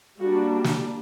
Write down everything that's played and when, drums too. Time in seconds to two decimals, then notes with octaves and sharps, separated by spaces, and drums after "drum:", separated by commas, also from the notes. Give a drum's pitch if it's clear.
0.19 G3 A#3 D4 F#4
0.64 drum: snare